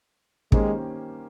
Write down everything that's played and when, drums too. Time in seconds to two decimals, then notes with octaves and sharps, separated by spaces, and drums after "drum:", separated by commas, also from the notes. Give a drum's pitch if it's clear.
0.52 D#3 G#3 A#3 C#4 G4 C5, drum: kick